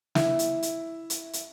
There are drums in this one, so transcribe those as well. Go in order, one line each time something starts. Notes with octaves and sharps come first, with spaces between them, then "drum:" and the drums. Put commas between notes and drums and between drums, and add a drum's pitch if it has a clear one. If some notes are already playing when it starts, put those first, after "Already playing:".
E4, drum: snare
drum: hi-hat
drum: hi-hat
drum: hi-hat
drum: hi-hat